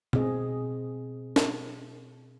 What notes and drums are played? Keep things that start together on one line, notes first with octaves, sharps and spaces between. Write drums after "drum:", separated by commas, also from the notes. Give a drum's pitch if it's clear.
B2 C4 G#4 D#5, drum: tom B2
drum: snare